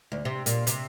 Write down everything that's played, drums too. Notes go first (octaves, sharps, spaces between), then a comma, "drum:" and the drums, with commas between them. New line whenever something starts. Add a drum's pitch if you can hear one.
D2
C3
A#2, drum: hi-hat
C3, drum: hi-hat